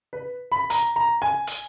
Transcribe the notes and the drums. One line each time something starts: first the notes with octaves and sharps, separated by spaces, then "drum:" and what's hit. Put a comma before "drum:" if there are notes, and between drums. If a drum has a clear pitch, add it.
B4
B5
A#5, drum: hi-hat
A#5
G#5
drum: hi-hat